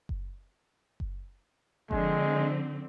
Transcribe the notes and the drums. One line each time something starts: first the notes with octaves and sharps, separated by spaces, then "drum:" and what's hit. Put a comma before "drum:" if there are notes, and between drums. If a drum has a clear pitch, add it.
drum: kick F#1
drum: kick F#1
D3 F3 G#3 C4, drum: kick F#1